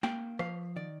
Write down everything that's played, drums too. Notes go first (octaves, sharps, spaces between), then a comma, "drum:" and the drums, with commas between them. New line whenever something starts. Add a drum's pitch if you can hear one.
A#3 G5, drum: snare
F3 F5, drum: rim click
D#3 D5